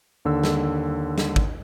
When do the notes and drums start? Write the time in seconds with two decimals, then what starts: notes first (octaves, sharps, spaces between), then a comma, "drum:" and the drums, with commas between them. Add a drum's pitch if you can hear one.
0.25 D#2 D3 E6
0.43 drum: snare
1.18 drum: snare
1.36 drum: kick